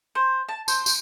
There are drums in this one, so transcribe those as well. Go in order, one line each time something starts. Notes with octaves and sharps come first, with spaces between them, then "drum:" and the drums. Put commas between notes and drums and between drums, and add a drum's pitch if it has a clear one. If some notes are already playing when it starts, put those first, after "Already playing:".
C5
A5
C5, drum: tambourine
drum: tambourine